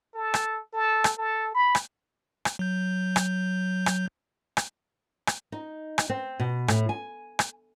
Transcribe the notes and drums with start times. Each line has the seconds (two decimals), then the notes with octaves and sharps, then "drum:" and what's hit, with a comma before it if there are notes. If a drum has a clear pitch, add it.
0.14 A4
0.34 drum: rim click
0.73 A4
1.04 drum: rim click
1.17 A4
1.55 B5
1.75 drum: rim click
2.45 drum: rim click
2.59 F#3 G6
3.16 drum: rim click
3.86 drum: rim click
4.57 drum: rim click
5.27 drum: rim click
5.52 D#4
5.98 drum: rim click
6.10 C4
6.40 B2
6.68 A2, drum: rim click
6.89 G#5
7.39 drum: rim click